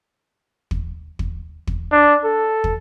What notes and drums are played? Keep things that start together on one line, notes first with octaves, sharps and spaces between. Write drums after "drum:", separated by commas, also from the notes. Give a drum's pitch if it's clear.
drum: kick
drum: kick
drum: kick
D4
A4
drum: kick